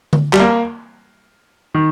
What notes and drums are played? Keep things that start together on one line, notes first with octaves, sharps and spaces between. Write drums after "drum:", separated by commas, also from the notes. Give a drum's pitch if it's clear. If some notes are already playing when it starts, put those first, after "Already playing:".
drum: tom D3
G3, drum: clap
A#3
D#3